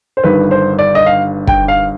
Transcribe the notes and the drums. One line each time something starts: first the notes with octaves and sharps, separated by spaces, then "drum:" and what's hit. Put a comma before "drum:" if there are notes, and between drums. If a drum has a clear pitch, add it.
C5
G1 G2 D#3 B4
C5
D5
D#5
F5
G5, drum: kick
F5